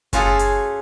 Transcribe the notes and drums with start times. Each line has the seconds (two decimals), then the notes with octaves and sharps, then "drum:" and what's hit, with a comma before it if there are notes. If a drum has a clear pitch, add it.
0.13 C#4 F4 F#4 G#4 A4, drum: kick F#1, hi-hat
0.39 drum: hi-hat